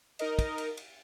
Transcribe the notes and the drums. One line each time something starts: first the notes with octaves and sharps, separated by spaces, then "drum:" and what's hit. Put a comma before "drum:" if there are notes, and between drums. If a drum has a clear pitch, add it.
D#4 A#4 D#5, drum: cymbal
drum: kick, cymbal
drum: cymbal
drum: cymbal